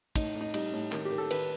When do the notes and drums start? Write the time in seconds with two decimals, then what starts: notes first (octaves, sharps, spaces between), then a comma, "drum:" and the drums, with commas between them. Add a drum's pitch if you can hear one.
0.15 A2 D#4, drum: kick, cymbal
0.35 A2
0.41 D#4
0.54 G3 D#4, drum: cymbal
0.73 A2
0.92 D#3, drum: clap
1.05 G4
1.12 D#3
1.18 A4
1.31 D#3 B4, drum: cymbal